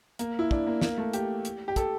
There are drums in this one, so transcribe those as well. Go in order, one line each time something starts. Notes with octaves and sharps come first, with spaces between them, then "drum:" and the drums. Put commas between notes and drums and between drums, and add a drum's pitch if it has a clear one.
A#3, drum: hi-hat
E4
D4, drum: kick
A#3
A#3, drum: snare
A3
G4, drum: hi-hat
drum: hi-hat
G4
A4, drum: kick, hi-hat